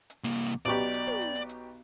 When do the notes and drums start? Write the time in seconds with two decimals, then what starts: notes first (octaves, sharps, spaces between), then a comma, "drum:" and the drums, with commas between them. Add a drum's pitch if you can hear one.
0.10 drum: hi-hat
0.24 C2 A#3, drum: hi-hat
0.66 B1 B2 G4 D5
0.93 drum: hi-hat
1.07 drum: tom
1.21 drum: hi-hat
1.35 drum: hi-hat
1.49 drum: hi-hat